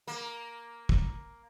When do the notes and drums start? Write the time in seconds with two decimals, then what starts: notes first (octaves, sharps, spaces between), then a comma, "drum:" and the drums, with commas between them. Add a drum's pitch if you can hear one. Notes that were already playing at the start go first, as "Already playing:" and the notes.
0.07 A#3
0.89 drum: kick